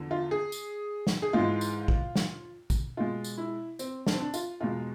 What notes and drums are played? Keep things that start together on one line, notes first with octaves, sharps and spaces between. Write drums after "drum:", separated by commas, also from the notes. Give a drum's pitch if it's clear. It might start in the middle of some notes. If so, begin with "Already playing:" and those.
Already playing: E2 D3 F3
F4
G#4
drum: tambourine
drum: snare
G#4
G#2 E3 G#3 F4
drum: tambourine
drum: kick
drum: snare
drum: kick, tambourine
B2 G#3 F4
drum: tambourine
E4
C4, drum: tambourine
D4, drum: snare
C4
D4
F4, drum: tambourine
E2 B2 G#3 F4